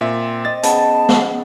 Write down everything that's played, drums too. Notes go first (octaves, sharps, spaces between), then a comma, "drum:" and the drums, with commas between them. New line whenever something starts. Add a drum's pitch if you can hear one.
A#2 C4 E5
D#5 A6
C#3 B3 G5 A5, drum: hi-hat
drum: snare